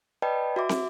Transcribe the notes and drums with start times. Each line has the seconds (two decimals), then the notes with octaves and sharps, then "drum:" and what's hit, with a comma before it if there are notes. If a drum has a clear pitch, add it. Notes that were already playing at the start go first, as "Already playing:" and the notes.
0.22 B4 D5 D#5 G5 A5 B5
0.56 F#4 E5 D6
0.69 drum: snare